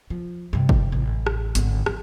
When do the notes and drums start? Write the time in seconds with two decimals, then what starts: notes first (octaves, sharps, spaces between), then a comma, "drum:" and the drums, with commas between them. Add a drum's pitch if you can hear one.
0.10 F3
0.53 G2 C3
0.69 drum: kick
0.92 A1
1.27 drum: rim click
1.55 G#1 D3, drum: hi-hat
1.86 F3, drum: rim click